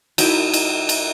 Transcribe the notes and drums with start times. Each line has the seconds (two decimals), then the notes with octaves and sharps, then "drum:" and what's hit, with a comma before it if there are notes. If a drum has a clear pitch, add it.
0.18 F#3 D#4 E4 G5, drum: cymbal
0.54 drum: cymbal
0.89 drum: cymbal